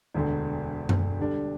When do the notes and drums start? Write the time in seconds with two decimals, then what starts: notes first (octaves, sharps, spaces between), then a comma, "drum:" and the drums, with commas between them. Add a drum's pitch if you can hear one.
0.15 E1 D2 D3
0.89 drum: tom F#2
1.19 D3 G3 D4